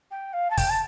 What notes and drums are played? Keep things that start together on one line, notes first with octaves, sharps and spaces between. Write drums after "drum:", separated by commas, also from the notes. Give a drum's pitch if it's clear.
G5
F5
A5
G5, drum: kick, open hi-hat
A5